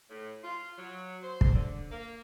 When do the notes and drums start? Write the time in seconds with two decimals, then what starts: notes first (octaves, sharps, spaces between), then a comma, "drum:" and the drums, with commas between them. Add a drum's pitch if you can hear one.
0.11 A2
0.44 F4
0.78 F#3
1.23 C5
1.41 drum: kick
1.54 D3
1.92 A#3